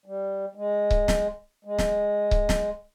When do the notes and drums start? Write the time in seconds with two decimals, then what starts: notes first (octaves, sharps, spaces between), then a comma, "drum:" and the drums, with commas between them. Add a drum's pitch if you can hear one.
0.06 G3
0.55 G#3
0.91 drum: kick C#1
1.08 drum: snare
1.65 G#3
1.79 drum: snare
2.31 drum: kick C#1
2.49 drum: snare